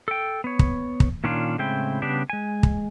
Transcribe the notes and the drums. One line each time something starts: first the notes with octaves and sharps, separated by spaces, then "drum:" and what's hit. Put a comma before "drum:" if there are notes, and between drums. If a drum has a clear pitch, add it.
A4 G5
B3 C#5
drum: kick
drum: kick
A#2 D#3 C#4 D4 F4
A2 C#3 G#3 C4 E4 G5
C#3 G3 B3 D4 G4
G#3 G#5
drum: kick